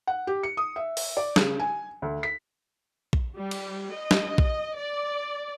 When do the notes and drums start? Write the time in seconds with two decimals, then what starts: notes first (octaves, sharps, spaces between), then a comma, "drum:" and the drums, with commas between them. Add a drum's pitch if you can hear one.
0.07 F#5
0.27 G4
0.43 C#7
0.57 D#6
0.76 E5
0.97 drum: open hi-hat
1.17 D5
1.36 C#3, drum: snare
1.59 G#5
2.02 D2
2.23 B6
3.13 drum: kick A#1
3.37 G3
3.51 drum: cymbal
3.93 D#5
4.11 drum: snare
4.38 drum: kick A#1
4.75 D5